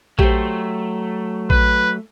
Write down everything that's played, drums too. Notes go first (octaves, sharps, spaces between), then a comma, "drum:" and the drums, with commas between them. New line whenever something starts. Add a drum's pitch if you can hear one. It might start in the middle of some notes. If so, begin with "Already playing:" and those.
F#3 A3 G4 C5, drum: kick A#1
B4, drum: kick A#1